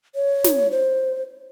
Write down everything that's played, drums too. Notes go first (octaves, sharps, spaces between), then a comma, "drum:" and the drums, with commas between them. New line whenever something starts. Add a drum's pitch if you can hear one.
C#5
drum: snare
C5